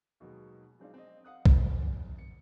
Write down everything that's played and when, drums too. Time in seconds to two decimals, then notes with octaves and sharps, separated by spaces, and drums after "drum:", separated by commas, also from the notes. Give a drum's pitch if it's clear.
0.20 D#2 B2 D#3 F#3 G#3
0.79 F#3 G#3 C4 D4 D#4 F4
0.94 C4 D#5
1.24 F5 F#5 D#6 F#6
1.46 E2 C3, drum: kick B1
2.19 C#7